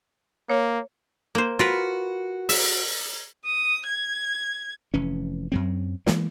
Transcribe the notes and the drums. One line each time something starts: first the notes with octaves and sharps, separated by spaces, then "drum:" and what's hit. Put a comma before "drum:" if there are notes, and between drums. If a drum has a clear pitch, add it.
A#3 C#5
A#3 C5
F4 F#4 A#4 B4
E5, drum: open hi-hat
D#6
G#6
F1 E3 C#4
F#2 F#3 C4
E3 G#3 A#3, drum: snare